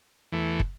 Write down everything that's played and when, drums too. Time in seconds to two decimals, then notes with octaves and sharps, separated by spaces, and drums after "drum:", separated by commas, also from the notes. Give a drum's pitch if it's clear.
0.32 E2 E3 A3
0.60 drum: kick